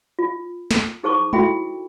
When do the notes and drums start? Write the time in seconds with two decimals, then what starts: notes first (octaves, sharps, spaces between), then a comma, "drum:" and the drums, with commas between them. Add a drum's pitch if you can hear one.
0.19 F4
0.71 drum: snare
1.03 D#4 G#4 C5 A5 C#6 D6
1.33 E4 F#4 A4 E5 G5 B5, drum: tom G#3